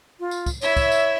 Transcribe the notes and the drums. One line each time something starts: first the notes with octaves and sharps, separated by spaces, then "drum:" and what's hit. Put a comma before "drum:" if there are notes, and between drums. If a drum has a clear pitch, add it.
F4
drum: tambourine
drum: kick, tambourine
E4 C#5 E5, drum: tambourine
drum: kick, tambourine
drum: tambourine